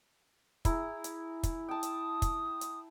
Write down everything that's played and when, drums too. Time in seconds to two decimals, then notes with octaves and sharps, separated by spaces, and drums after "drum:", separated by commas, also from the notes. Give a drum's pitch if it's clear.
0.65 E4 G#4 A#5, drum: kick, hi-hat
1.04 drum: hi-hat
1.43 drum: kick, hi-hat
1.69 G5 A5 D#6
1.83 drum: hi-hat
2.22 drum: kick, hi-hat
2.61 drum: hi-hat